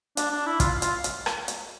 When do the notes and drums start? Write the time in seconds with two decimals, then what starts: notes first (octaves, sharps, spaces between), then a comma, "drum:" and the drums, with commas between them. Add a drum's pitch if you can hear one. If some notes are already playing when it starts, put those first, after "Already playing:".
0.17 D4, drum: hi-hat
0.31 D4
0.46 E4
0.60 F4, drum: kick, hi-hat
0.82 F4, drum: hi-hat
1.04 drum: hi-hat
1.26 drum: rim click
1.48 drum: hi-hat